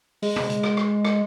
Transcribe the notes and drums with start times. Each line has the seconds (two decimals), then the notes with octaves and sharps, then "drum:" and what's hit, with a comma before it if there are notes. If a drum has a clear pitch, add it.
0.22 G#3, drum: open hi-hat
0.36 drum: tom B2
0.50 drum: hi-hat
0.63 drum: rim click
0.77 drum: rim click
1.05 drum: rim click